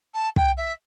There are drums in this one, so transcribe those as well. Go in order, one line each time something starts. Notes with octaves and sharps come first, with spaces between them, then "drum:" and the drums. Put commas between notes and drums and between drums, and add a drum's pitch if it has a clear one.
A5
G5, drum: kick
E5